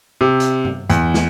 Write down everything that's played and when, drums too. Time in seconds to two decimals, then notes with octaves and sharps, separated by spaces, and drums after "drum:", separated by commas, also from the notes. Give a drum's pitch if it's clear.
0.21 C3
0.40 drum: hi-hat
0.65 drum: tom G2
0.90 E2, drum: hi-hat
1.14 drum: snare